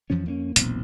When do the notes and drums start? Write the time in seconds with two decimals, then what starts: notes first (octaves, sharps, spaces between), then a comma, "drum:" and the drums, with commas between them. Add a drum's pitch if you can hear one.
0.10 F2 E3 F3 C#4
0.26 F2 A#3 C4 C#4
0.56 E1 B1 A#2 C4, drum: hi-hat